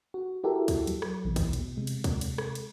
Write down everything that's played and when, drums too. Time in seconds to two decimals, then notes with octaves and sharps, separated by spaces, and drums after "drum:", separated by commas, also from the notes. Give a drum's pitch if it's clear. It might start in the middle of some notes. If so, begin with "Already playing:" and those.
0.14 F#4
0.44 E4 F#4 G4 A4 A#4 E5
0.68 drum: kick C#2, cymbal
0.87 F#3, drum: cymbal
1.02 drum: rim click
1.25 A#1 B2 E3
1.36 drum: kick C#2, cymbal
1.53 B2, drum: cymbal
1.77 C3 G#3
1.87 drum: cymbal
2.04 drum: kick C#2, cymbal
2.21 drum: cymbal
2.38 drum: rim click
2.55 drum: cymbal